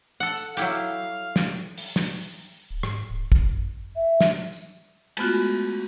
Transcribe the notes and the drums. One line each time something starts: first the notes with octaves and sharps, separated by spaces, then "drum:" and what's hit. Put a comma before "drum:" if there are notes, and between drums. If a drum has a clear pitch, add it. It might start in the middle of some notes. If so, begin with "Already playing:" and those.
A4 F#5
drum: tambourine
F#3 E4 G4 F5, drum: hi-hat
drum: snare
drum: open hi-hat
drum: snare
D1
G#2, drum: rim click
D1
D#1, drum: kick
F#2
E5
drum: snare
drum: tambourine
G#3 A3 B3 F4 F#4, drum: cymbal